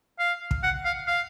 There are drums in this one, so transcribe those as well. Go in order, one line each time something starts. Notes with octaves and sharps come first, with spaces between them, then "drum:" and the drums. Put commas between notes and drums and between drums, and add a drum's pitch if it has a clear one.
F5
drum: kick
F#5
F5
F5